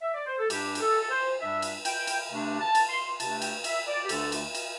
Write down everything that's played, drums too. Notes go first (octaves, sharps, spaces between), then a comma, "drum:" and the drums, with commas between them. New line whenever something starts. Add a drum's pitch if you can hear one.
E5
D5
C5
A4
G2 G3 D4 G4, drum: cymbal
G4, drum: cymbal
A4
A4
C5
G2 G3 D4 E5
drum: cymbal
G5, drum: cymbal
drum: cymbal
C3 A3 D4
A5
drum: cymbal
C6
C3 A3 D4 A5, drum: cymbal
G5, drum: cymbal
E5, drum: cymbal
D5
G4
D2 D3 A3 D4 A4, drum: cymbal
drum: cymbal
drum: cymbal